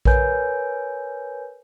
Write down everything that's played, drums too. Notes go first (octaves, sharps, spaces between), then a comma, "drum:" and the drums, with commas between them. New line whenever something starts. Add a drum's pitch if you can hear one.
A#4 B4 C#5 G#5 G6, drum: kick A#1